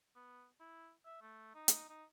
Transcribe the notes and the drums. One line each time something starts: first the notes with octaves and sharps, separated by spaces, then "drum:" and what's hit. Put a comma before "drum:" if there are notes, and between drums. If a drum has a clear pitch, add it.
B3
E4
E5
A3
D#4
drum: hi-hat
D#4